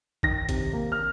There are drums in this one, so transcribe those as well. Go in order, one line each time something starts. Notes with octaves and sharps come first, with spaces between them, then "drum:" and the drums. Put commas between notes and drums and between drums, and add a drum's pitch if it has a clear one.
D#3 A#6, drum: kick A1
C3, drum: kick A1, hi-hat
A#3
F6